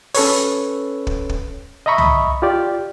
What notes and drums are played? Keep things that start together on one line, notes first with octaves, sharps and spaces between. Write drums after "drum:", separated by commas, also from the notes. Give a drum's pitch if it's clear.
C#4 A4 B4 C#5, drum: open hi-hat
drum: kick
drum: kick
D#5 E5 A#5 B5 C#6 D#6
drum: tom
F4 G4 D5